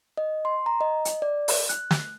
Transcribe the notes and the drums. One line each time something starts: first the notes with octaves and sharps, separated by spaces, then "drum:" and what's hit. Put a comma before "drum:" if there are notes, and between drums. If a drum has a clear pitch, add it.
D#5
C6
A#5
D#5
drum: hi-hat
D5
drum: open hi-hat
F#6, drum: hi-hat
drum: snare